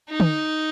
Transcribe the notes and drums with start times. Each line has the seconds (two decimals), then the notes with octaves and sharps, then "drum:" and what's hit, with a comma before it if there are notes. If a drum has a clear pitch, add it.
0.10 D#4
0.20 drum: tom